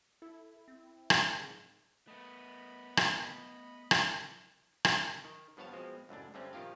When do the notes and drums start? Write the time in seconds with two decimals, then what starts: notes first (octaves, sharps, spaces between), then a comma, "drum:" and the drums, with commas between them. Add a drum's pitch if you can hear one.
0.22 E4 A4
0.68 C4
1.10 drum: rim click
1.33 G#2
2.07 A3 B3 D#5 B5
2.97 drum: rim click
3.91 drum: rim click
4.85 drum: rim click
5.24 D#3
5.57 G2 F3 B3 C#5 F5 A5
5.73 B2 F3 G#3 C4
6.09 C#2 F#2 A2 D4
6.34 G2 D3 A3 C4 C#4
6.53 A#2 D#3 F3 F4 G4 F5